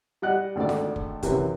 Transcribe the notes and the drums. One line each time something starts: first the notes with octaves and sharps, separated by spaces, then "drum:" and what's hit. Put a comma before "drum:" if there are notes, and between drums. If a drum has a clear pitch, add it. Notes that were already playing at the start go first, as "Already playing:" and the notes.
G3 D5 D#5 F#5 F#6
G#1 D2 D3 A4 D5
drum: snare F4
drum: kick
F#2 C3 E3, drum: kick, hi-hat